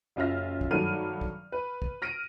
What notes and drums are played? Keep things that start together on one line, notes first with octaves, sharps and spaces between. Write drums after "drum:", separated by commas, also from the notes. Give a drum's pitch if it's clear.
F#1 C#4 F4 E5 F6 A#6
drum: kick
G2 D#3 F#3 A3 F6 D#7
drum: kick
B4
drum: kick
F6 A#6 D7 D#7